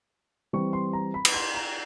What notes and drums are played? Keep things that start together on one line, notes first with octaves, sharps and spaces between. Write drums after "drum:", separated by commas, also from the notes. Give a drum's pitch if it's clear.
E3 G3 C4 C#6
C6
A#5
B5
drum: cymbal
C6
A#5